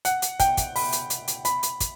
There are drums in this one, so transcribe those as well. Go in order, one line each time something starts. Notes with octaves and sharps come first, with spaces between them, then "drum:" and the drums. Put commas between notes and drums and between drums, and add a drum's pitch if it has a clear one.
F#5, drum: hi-hat
drum: hi-hat
G5, drum: kick, hi-hat
drum: kick, hi-hat
B5, drum: open hi-hat
drum: hi-hat
drum: hi-hat
drum: hi-hat
B5, drum: hi-hat
drum: hi-hat
drum: kick, hi-hat